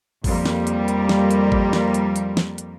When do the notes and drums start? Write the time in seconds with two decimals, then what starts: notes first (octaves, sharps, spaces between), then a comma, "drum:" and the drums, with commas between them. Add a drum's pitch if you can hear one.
0.24 F2 G3 A#3, drum: kick G#1, open hi-hat
0.45 drum: snare
0.67 drum: hi-hat
0.88 drum: hi-hat
1.09 drum: snare
1.31 drum: hi-hat
1.52 drum: kick G#1
1.73 drum: snare
1.94 drum: hi-hat
2.16 drum: hi-hat
2.37 drum: snare
2.58 drum: hi-hat